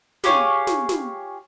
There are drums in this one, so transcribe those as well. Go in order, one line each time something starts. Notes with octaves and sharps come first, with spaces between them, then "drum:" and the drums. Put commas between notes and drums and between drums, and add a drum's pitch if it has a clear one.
F4 G4 G#4 C#5, drum: snare
drum: snare
drum: snare